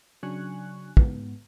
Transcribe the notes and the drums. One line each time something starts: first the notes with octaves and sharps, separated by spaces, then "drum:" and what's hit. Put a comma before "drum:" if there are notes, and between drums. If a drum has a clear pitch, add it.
C#3 F#3 D4 G#5 C#6 F#6
G#2 B3, drum: kick